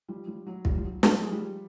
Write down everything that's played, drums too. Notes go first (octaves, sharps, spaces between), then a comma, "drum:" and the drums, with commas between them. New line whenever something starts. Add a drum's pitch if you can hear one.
F3 G3
F3 G3
F#3
F3 G3, drum: kick
F3
F#3
F#3, drum: snare
F3 G3
F#3 G#3
F3 G3